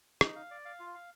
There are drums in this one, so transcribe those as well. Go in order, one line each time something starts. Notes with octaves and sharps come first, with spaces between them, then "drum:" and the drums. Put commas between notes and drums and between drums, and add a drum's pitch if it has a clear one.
D#4, drum: rim click
F5
D5
F5
F4
F5